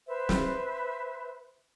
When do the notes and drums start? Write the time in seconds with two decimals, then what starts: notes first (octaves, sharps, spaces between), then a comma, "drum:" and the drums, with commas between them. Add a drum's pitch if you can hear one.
0.05 B4 C5 E5
0.29 drum: snare